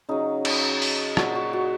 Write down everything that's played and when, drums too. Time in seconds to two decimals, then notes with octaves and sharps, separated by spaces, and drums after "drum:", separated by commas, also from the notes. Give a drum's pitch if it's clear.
0.09 C#3 F#3 D#4
0.45 drum: cymbal
0.82 drum: open hi-hat
1.17 A#2 F#3 F#4, drum: rim click
1.35 F#4
1.53 F#4